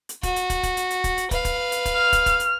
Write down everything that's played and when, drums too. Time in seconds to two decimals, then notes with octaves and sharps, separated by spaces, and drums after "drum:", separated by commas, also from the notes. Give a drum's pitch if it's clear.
0.09 drum: hi-hat
0.23 F#4, drum: kick, hi-hat
0.36 drum: hi-hat
0.50 drum: kick, hi-hat
0.63 drum: kick, hi-hat
0.77 drum: hi-hat
0.90 drum: hi-hat
1.04 drum: kick, hi-hat
1.18 drum: hi-hat
1.31 B4 F5, drum: kick, hi-hat
1.45 drum: kick, hi-hat
1.72 drum: hi-hat
1.85 drum: kick, hi-hat
1.96 F6
2.13 drum: kick, hi-hat
2.26 drum: kick, hi-hat
2.40 drum: hi-hat